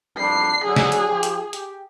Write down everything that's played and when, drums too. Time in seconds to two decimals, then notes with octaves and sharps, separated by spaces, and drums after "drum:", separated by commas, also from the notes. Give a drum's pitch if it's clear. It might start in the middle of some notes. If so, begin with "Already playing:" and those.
0.18 F2 G3 D4 C7
0.65 D3 F#3 G#4
0.76 drum: snare
0.92 drum: hi-hat
1.07 F3 G4
1.23 drum: hi-hat
1.53 G4, drum: hi-hat